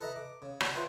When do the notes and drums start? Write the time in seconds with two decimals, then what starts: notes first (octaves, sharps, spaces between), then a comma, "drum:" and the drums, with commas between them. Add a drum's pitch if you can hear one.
0.01 A4 B4 D#5 E5 A#5 B5
0.16 D6
0.42 C#3
0.60 F#4 G#4 C#5 D5, drum: rim click
0.73 F4 B4 C5 E5 G5 A5